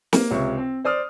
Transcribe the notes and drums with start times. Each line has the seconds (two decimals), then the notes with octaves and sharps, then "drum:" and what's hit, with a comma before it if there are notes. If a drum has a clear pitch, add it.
0.13 A#3, drum: snare
0.31 C#2 C3 C#5 E5 C#6
0.57 C4
0.85 C5 D5 D#6 F6